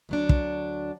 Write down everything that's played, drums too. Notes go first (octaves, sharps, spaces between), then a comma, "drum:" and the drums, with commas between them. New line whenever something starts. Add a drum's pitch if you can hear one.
D2 F#3 D4
drum: kick